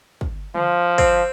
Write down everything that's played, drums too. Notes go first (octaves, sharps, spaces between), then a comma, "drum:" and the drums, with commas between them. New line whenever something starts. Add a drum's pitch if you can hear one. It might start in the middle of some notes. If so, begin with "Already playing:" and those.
drum: kick
F3, drum: tom D3
C4, drum: kick